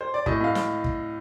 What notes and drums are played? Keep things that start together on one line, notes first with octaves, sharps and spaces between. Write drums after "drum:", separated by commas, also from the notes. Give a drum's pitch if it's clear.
C5
D5
A2 D#5, drum: kick
A2 F5
drum: snare
drum: kick